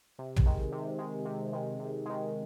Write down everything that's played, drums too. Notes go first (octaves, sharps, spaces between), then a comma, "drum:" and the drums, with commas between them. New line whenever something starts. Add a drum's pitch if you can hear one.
C3
drum: tom
D#3 G#3
C3
D#3 G#3
C3
D#3 G#3
C3
D#3 G#3